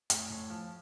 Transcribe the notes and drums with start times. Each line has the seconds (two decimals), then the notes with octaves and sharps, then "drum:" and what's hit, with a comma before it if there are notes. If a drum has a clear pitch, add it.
0.10 A2, drum: hi-hat
0.30 A2
0.50 F3